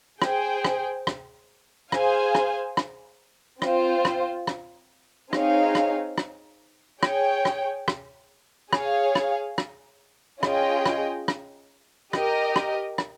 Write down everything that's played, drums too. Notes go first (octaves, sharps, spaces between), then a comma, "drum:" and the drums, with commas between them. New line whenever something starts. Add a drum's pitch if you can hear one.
G#4 C5 G5, drum: rim click
drum: rim click
drum: rim click
G#4 C5 F5 G#5, drum: rim click
drum: rim click
drum: rim click
C4 F4 C5, drum: rim click
drum: rim click
drum: rim click
C4 D#4 G#4 C#5 F5, drum: rim click
drum: rim click
drum: rim click
G#4 C#5 G5, drum: rim click
drum: rim click
drum: rim click
G#4 C#5 F5, drum: rim click
drum: rim click
drum: rim click
C#4 F4 G#4 D#5 G5, drum: rim click
drum: rim click
drum: rim click
G4 A#4 D#5, drum: rim click
drum: rim click
drum: rim click